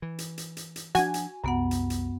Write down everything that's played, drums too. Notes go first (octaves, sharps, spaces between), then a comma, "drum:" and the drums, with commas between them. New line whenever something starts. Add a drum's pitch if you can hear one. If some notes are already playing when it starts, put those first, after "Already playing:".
E3
drum: hi-hat
drum: hi-hat
drum: hi-hat
drum: hi-hat
F3 D4 F#4 G#5, drum: hi-hat
drum: hi-hat
C2 F#2 B3 F#5
drum: hi-hat
drum: hi-hat